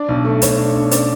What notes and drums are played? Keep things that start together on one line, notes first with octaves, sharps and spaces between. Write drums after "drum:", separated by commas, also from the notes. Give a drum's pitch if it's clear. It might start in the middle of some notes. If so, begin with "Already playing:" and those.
Already playing: D4 D5
B1
A3
B1 C#5, drum: hi-hat
D4
B1
C#4 D5, drum: hi-hat